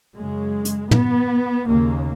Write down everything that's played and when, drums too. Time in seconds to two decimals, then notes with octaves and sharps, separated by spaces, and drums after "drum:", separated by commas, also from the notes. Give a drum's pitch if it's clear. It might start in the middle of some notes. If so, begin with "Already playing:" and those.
0.16 F#2 C#3 G#3
0.65 drum: hi-hat
0.91 B3, drum: tom
1.66 D#2 C#3 A#3